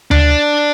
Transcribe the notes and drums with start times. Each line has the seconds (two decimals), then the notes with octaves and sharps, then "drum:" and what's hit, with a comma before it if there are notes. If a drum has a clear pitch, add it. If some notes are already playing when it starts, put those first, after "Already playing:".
0.11 D4, drum: tom D2